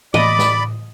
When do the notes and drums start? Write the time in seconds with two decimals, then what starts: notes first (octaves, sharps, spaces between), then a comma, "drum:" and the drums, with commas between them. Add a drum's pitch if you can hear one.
0.14 A2 D5 D#5 B5 D6, drum: tom E3
0.39 drum: snare